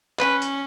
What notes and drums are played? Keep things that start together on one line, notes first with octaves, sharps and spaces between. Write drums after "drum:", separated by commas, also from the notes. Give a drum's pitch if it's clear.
C#4 B4, drum: clap
drum: hi-hat